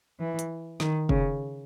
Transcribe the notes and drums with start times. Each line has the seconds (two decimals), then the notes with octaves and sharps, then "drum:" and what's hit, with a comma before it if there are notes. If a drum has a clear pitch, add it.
0.20 E3
0.39 drum: hi-hat
0.80 D#3, drum: snare
1.09 C#3, drum: kick F1